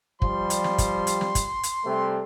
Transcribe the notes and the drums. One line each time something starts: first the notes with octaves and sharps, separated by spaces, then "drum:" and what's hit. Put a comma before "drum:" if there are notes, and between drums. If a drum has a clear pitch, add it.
F3 G3 C6, drum: kick
drum: hi-hat
drum: snare
drum: kick, hi-hat
drum: hi-hat
drum: snare
drum: kick, hi-hat
drum: hi-hat
C3 G3 A3